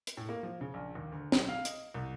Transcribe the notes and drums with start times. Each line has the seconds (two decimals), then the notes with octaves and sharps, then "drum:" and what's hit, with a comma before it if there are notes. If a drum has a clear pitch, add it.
0.07 drum: hi-hat
0.17 A2
0.29 A#3
0.43 F3
0.61 C#3
0.74 A#1
0.95 D#2
1.12 D2
1.32 B1, drum: snare
1.49 F5
1.65 D#5, drum: hi-hat
1.94 C2